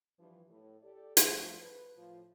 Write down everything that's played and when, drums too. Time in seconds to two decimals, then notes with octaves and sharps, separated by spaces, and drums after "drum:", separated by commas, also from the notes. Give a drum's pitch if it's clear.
0.19 G2 E3 F3
0.49 A2
0.83 G4 A4 D5
1.17 G2 F3 A3, drum: hi-hat
1.61 B4
1.97 A2 F3